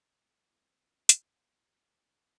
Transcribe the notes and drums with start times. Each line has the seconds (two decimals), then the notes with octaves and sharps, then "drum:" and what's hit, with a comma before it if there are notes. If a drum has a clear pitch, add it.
0.21 C2 C3 E3 A3
0.51 C2 C3 E3 A3
0.80 E2 C#3 F3
1.09 E2 C#3 F3, drum: hi-hat
1.39 E2 B2 F#3 A#3
1.69 E2 B2 F#3 A#3
1.98 E2 C3 F3 A#3 D#4